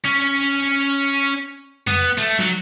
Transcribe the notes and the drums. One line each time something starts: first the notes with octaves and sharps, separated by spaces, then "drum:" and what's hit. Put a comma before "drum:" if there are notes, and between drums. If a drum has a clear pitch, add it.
C#4
B3, drum: tom F2
A3
F#3, drum: snare